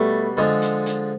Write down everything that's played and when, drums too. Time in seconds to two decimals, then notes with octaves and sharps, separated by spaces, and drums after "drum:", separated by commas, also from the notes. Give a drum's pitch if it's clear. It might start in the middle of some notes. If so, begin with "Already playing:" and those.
Already playing: B2 G3 A3
0.37 D3 F3 G#3
0.62 drum: hi-hat
0.86 drum: hi-hat